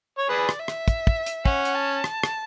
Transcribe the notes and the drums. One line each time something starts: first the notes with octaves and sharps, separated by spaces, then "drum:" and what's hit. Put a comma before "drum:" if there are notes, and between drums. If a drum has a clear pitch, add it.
C#5
G#4 B4 D5
drum: rim click
E5
drum: rim click
drum: kick, hi-hat
drum: kick
drum: hi-hat
C#4 F#5, drum: kick
drum: hi-hat
A5
drum: rim click
drum: rim click